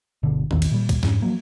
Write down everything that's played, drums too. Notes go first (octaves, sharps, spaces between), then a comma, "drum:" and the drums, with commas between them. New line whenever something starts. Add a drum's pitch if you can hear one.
G1 B2 D3
A#1 E2 C4, drum: tom D#3
drum: cymbal
A#2 G3
drum: kick, cymbal
F2 G#2 C#4, drum: snare
F3 F#3 A#3